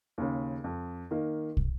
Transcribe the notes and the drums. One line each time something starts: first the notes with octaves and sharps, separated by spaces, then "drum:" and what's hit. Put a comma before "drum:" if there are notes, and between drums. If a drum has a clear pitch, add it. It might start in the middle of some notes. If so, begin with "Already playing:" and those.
D#2 C#3
F2
D#3 A#3
drum: kick